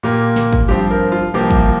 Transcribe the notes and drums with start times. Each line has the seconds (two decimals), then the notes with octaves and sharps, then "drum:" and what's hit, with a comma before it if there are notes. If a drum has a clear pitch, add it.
0.03 A#2 A#3 G4
0.36 drum: snare
0.53 drum: kick
0.68 G2 F3 C4 G4
0.91 A#4
1.12 F4
1.34 C2 C3 F3 A#3 G4
1.51 drum: kick